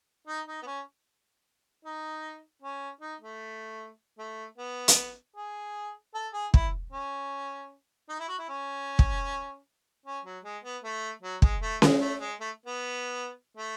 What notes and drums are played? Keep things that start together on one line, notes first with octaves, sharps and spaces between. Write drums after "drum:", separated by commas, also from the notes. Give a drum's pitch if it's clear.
D#4
D#4
B3
C#4
D#4
C#4
D#4
A3
A3
B3
drum: hi-hat
G#4
A4
G#4
E4, drum: kick
C#4
D#4
E4
F#4
E4
C#4
drum: kick
C#4
F#3
G#3
B3
A3
F#3
G#3, drum: kick
A3
G#3, drum: snare C#4
A3
G#3
A3
B3
A3